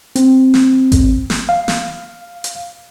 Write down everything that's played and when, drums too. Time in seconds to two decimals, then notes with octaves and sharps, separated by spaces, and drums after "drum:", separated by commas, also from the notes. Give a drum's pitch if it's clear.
0.16 C4, drum: hi-hat
0.54 drum: snare
0.92 drum: kick G#1, hi-hat
1.30 drum: snare
1.49 F5
1.68 drum: snare
2.44 drum: hi-hat